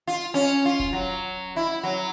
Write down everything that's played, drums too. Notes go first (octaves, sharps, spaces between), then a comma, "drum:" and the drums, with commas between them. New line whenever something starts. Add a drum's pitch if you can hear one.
F4
C#4
F4
drum: kick E1
F#3
E4
F#3